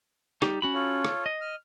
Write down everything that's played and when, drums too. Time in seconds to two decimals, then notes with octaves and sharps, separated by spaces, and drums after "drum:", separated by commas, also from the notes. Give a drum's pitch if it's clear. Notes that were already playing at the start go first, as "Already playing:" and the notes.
0.42 G3 D#4 G4, drum: rim click
0.62 C#4 F#4 B5
0.74 F4 A4 C#5
1.05 drum: rim click
1.26 D#5
1.41 F6